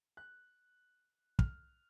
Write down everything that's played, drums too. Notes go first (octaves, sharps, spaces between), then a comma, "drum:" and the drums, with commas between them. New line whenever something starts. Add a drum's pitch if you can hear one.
F#6
F6, drum: kick